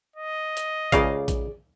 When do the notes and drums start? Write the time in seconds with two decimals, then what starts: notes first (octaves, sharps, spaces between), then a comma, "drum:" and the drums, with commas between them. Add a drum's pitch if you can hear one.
0.16 D#5
0.57 drum: hi-hat
0.92 C#2 C#3 G#4 D5 F5, drum: kick A#1, hi-hat
1.28 drum: kick A#1, hi-hat